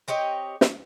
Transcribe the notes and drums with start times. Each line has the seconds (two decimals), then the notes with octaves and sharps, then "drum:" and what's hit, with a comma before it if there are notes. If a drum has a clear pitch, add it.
0.08 C4 G4 C#5 D#5
0.61 drum: snare